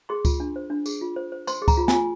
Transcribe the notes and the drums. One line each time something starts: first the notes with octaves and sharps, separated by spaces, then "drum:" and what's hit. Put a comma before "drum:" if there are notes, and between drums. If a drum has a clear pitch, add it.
G#4 C6
F4, drum: kick C#2, tambourine
D4
C5
D4
G#4, drum: tambourine
F4
C5
C5
C5 C6, drum: tambourine
G#4
A#5, drum: kick C#2, tambourine
F4
G#5, drum: snare
F4